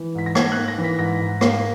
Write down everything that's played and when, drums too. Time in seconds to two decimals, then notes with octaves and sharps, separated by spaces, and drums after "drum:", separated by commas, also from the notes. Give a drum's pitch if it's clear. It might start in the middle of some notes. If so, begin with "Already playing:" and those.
Already playing: E3
0.15 G#2 B6
0.26 A#6
0.35 G#2 G#6, drum: rim click
0.52 A#3 F#6
0.68 A#6
0.78 E3
0.84 B6
0.99 G#2 A#6
1.21 G#2
1.41 A#3, drum: rim click